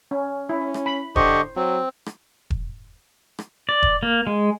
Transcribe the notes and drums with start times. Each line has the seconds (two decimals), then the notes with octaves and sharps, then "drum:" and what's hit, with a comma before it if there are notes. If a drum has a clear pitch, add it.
0.11 C#4
0.49 C#4 E4
0.74 drum: rim click
0.86 B5
1.16 D3 G4 C5 D#5 C#6, drum: kick E1
1.56 F#3 C4
2.06 drum: rim click
2.50 drum: kick E1
3.39 drum: rim click
3.69 D5
3.83 drum: kick E1
4.03 A#3
4.27 G#3